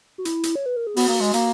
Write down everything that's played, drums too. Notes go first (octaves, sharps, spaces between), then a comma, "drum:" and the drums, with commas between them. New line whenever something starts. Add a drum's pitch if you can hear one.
F#4
E4, drum: hi-hat
drum: hi-hat
C#5
B4
A#4
G#4
B3 F#4, drum: open hi-hat
A#3
G#3
A#3, drum: hi-hat